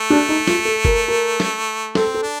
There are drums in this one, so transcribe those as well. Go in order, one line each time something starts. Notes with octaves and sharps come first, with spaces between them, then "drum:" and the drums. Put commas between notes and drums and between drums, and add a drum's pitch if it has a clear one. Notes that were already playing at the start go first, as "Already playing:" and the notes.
Already playing: A3
D4
D#4
F4, drum: snare
A4
A#4, drum: kick F#1
A#4
drum: snare
C4 A4, drum: snare
A4
D4